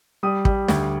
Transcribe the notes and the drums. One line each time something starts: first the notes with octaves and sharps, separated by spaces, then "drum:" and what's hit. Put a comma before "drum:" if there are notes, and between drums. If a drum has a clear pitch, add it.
G3 D#6
G3, drum: kick
D2, drum: snare